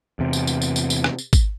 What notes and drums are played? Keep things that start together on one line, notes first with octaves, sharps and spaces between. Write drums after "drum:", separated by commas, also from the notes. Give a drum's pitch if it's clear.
E2 C3
drum: tambourine
drum: tambourine
drum: tambourine
drum: tambourine
drum: tambourine
drum: rim click
drum: tambourine
drum: kick, tambourine